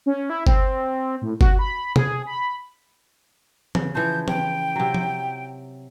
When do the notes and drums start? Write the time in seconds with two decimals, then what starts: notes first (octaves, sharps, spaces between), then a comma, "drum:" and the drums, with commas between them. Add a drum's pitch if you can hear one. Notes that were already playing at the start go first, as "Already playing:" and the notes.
0.06 C#4
0.30 E4
0.47 C4, drum: kick G1
1.22 A2
1.41 F#4, drum: kick G1
1.59 B5
1.96 G#4, drum: tom C3
2.27 B5
3.75 C#3, drum: tom E3
3.95 E3 F3 G6
4.28 G5, drum: tom E3
4.76 C3 F#3
4.94 drum: tom F3